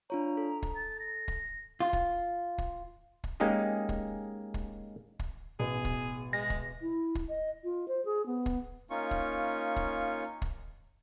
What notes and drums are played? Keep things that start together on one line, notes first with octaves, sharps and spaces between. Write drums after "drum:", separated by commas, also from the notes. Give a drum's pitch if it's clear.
D4 F4 C#5 A#5
A4
drum: kick
A6
A#6
drum: kick
F4
drum: kick
drum: kick
drum: kick
G#3 A#3 C#4 D#4 G4 G#4
drum: kick
drum: kick
drum: kick
A1 B2 G#4
drum: kick
G#3 A#6
drum: kick
E4
drum: kick
D#5
F4
C5
G#4
B3
drum: kick
A#3 C#4 D#4 F4 C#6
drum: kick
drum: kick
drum: kick